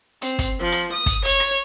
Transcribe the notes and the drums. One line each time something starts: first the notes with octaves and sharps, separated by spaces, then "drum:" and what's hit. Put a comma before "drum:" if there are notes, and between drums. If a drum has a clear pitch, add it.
C4, drum: hi-hat
drum: kick, hi-hat
F3
drum: rim click
D#6
drum: kick, hi-hat
C#5, drum: hi-hat
drum: rim click